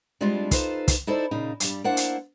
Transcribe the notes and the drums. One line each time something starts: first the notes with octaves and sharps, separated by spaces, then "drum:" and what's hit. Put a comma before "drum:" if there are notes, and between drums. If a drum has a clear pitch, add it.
G3 G#3 C4 D4 E4 F4
D#4 F4 A4 B4 C5, drum: kick, hi-hat
drum: kick, hi-hat
D#4 E4 A4 C5 D5
A#2 C#3 D#4
G2 G3, drum: hi-hat
A#3 D4 E4 C5 F#5
drum: hi-hat